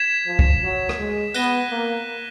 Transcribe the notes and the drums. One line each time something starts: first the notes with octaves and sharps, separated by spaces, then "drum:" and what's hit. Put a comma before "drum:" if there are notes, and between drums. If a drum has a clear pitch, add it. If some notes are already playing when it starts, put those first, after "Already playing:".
Already playing: G#6 B6 E7
F3
drum: kick
F#3
drum: rim click
G#3
B3 F#6 A#6 D#7 G7, drum: tambourine
A#3